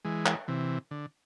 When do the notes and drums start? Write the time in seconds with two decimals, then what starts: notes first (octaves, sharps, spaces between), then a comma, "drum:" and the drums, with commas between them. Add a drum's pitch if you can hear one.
0.05 E3 G#3
0.26 drum: clap
0.48 C3 E3
0.91 D3